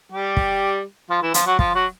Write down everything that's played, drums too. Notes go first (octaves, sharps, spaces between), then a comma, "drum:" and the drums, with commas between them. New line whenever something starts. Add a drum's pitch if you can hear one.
G3 G4
drum: kick
F3 F4
E3 E4
F3 F4, drum: hi-hat
F#3 F#4
F3 F4, drum: kick
F#3 F#4